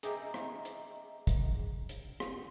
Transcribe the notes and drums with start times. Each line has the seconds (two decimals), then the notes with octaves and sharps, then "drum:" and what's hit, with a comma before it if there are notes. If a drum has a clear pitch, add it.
0.03 G#4 D#5 E5 G5 A#5 D6, drum: hi-hat
0.34 drum: rim click
0.65 drum: hi-hat
1.27 drum: kick, hi-hat
1.89 drum: hi-hat
2.20 drum: rim click